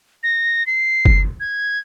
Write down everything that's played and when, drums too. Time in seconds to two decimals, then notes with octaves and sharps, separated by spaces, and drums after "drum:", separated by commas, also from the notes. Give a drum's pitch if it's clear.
0.23 A#6
0.67 C7
1.05 drum: kick F#1
1.40 G#6